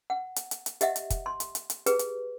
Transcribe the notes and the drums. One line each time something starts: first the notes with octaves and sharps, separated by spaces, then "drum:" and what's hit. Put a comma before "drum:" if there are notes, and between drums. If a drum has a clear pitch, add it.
F#5
drum: hi-hat
drum: hi-hat
drum: hi-hat
G4 D#5 E5 F#5, drum: hi-hat
drum: hi-hat
drum: kick, hi-hat
C6
drum: hi-hat
drum: hi-hat
drum: hi-hat
G4 G#4 B4, drum: hi-hat
drum: hi-hat